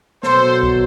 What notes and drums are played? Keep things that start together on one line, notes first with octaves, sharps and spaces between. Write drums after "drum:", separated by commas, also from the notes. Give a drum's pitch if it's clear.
B2 F#3 A4 C5, drum: snare
drum: kick